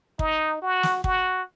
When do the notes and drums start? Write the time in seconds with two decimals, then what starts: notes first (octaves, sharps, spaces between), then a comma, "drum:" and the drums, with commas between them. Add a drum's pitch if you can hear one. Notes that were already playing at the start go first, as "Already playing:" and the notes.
0.19 D#4, drum: kick
0.62 F#4
0.83 drum: snare
1.04 F#4, drum: kick